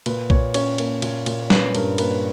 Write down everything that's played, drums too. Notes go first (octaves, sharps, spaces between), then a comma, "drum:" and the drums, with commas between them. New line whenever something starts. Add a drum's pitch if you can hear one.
A#2 B4, drum: cymbal
A#2 C#5, drum: kick B1
C#4 C#5, drum: cymbal
A#3, drum: cymbal
A#2, drum: cymbal
A#2, drum: cymbal
C#5
C#4 B4, drum: snare
G2 A#4, drum: cymbal
A#3 B4, drum: cymbal